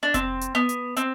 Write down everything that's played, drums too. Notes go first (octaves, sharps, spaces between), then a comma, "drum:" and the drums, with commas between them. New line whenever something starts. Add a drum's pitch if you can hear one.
D4
C4, drum: kick F1, hi-hat
drum: hi-hat
B3
drum: hi-hat
C4, drum: hi-hat